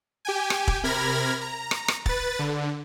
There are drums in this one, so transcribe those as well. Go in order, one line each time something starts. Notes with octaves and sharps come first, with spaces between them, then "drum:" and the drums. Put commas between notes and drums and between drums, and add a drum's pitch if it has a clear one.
G4 G5 G#5
drum: rim click
drum: kick
C3 A#4 B5 F6 G#6 A#6
A#5
drum: rim click
drum: rim click
B4 A6, drum: kick
D3